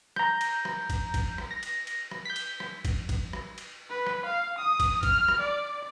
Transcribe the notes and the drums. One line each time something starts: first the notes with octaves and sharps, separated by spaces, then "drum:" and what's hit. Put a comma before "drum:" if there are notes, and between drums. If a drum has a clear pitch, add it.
A#5 G6, drum: rim click
drum: cymbal
drum: rim click
drum: kick A1, cymbal
drum: kick A1, cymbal
drum: rim click
A#6
drum: cymbal
drum: cymbal
drum: rim click
G6 B6
drum: cymbal
drum: rim click
drum: kick A1, cymbal
drum: kick A1, cymbal
drum: rim click
drum: cymbal
B4
drum: rim click
F5
D#6
drum: kick A1, cymbal
F6, drum: kick A1, cymbal
drum: rim click
D5